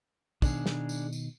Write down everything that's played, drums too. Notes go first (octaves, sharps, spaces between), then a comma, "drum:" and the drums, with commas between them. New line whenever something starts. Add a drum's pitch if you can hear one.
B2 D#3 D4 G#4, drum: kick, tambourine
drum: snare
drum: tambourine
drum: tambourine